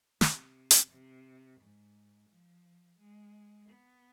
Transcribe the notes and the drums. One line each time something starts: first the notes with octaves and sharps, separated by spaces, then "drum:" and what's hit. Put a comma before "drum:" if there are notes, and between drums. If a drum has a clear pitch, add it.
C3, drum: snare
drum: hi-hat
C3
G#2
F3
G#3
B3